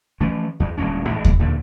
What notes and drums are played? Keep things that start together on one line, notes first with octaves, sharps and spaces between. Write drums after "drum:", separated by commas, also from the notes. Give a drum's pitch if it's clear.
E3 F3 A3 C#4
E2
D1 G2 A#2 C#4
A1 G#2 E3
drum: kick D#2
E2 A#2 D3